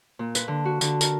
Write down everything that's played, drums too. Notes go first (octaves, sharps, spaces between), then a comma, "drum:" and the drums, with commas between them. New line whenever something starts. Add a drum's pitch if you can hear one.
A#2
B4, drum: tambourine
D3
F#4
D3, drum: tambourine
A#4, drum: tambourine